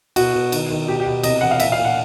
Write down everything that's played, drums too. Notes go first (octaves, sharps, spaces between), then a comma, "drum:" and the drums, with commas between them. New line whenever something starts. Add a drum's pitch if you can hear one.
B2 F#4, drum: cymbal
B2
D#3, drum: cymbal
D#3
B2 G4
G4
B2
C3 D#5, drum: cymbal
E3 F#5
F5
A#2 E5, drum: cymbal
F5
A#2
F#5